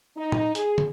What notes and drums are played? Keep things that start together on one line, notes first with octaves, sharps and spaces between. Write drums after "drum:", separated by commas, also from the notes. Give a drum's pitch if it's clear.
D#4
drum: tom
G#4, drum: hi-hat
drum: tom